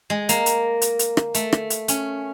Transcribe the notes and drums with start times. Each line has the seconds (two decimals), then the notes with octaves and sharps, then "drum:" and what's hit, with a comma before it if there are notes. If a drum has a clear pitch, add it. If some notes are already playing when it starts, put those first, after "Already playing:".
0.10 G#3
0.29 A#3, drum: hi-hat
0.46 drum: hi-hat
0.82 drum: hi-hat
0.99 drum: hi-hat
1.17 drum: rim click
1.34 A3, drum: hi-hat
1.53 drum: rim click
1.70 drum: hi-hat
1.88 C#4, drum: hi-hat